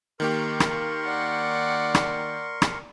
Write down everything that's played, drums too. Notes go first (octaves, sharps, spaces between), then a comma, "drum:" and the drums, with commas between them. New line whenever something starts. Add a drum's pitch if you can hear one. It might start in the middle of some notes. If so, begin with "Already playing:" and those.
D#3 A#3 G4 A#4 C6 C#6
drum: rim click
D5 F#5
drum: rim click
drum: rim click